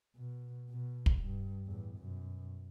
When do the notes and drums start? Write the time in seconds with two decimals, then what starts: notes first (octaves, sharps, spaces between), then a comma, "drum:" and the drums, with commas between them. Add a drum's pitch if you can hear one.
0.16 B2
0.70 B2
1.06 drum: kick
1.20 G2
1.67 E2 A2
1.97 F#2 B2